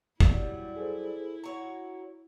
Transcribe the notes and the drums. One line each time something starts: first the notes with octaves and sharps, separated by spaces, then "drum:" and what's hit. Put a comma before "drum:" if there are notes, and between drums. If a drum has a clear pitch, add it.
F#3 G3 D4 E4, drum: kick
G#4 A4 C5
F#4 C#5 A#5